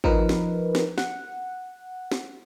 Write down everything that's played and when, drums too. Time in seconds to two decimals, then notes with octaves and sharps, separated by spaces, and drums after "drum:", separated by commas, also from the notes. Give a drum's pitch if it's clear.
0.04 F3 D#4 A#4 B4, drum: kick G#1
0.29 drum: snare
0.75 drum: snare
0.98 F#5, drum: snare
2.12 drum: snare